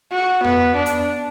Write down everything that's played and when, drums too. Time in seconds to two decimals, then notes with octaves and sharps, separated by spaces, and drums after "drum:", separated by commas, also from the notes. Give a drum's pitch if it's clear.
0.13 F#4
0.44 B3, drum: tom F2
0.76 D4
0.86 drum: hi-hat